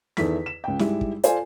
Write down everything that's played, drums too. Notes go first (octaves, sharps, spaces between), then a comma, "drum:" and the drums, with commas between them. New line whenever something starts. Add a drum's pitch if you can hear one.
E2 D#3 E4 A4 B6, drum: snare
E7
C#2 G5
G#2 G3 G#3 E4, drum: snare
drum: kick
F4 A4 C5 D5 G#5, drum: hi-hat